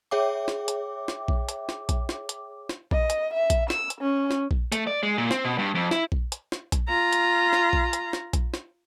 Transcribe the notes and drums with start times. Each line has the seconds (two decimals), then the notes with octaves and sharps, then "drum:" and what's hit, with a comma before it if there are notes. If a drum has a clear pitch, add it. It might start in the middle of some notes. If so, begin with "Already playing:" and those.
0.11 G#4 C#5 E5 G5 D6
0.48 drum: snare
0.68 drum: hi-hat
1.08 drum: snare
1.28 drum: kick A#1
1.49 drum: hi-hat
1.69 drum: snare
1.89 drum: kick A#1, hi-hat
2.09 drum: snare
2.29 drum: hi-hat
2.69 drum: snare
2.91 D#5, drum: kick A#1
3.10 drum: hi-hat
3.34 E5
3.50 drum: kick A#1, hi-hat
3.70 E6, drum: snare
3.90 drum: hi-hat
4.01 C#4
4.31 drum: snare
4.51 drum: kick A#1
4.72 A3, drum: hi-hat
4.87 D5
5.03 G#3
5.18 A#2
5.31 C4, drum: snare
5.45 B2
5.58 G2
5.75 F2
5.91 E4, drum: snare
6.12 drum: kick A#1
6.32 drum: hi-hat
6.52 drum: snare
6.72 drum: kick A#1, hi-hat
6.88 F4 A#5
7.13 drum: hi-hat
7.53 drum: snare
7.73 drum: kick A#1
7.93 drum: hi-hat
8.13 drum: snare
8.33 drum: kick A#1, hi-hat
8.54 drum: snare